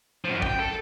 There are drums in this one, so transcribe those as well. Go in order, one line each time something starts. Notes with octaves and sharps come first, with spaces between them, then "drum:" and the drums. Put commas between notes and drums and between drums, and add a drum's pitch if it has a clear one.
F#2 F3
G5, drum: kick
A4